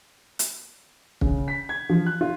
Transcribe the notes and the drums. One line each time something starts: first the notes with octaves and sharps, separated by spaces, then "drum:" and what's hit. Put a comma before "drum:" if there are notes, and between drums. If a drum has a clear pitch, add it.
drum: hi-hat
C#3, drum: kick
B6
G#6
F3
F#6
F4